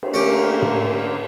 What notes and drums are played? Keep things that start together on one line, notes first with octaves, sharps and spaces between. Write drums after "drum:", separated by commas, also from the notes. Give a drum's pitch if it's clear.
drum: cymbal
D3 A3 A#3 C#4 G4 A#4
drum: tom